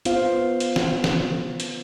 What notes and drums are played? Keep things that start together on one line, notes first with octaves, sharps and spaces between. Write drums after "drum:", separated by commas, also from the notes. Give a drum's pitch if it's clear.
B3 F4 C5 F5, drum: hi-hat
drum: hi-hat
drum: snare
drum: snare
drum: hi-hat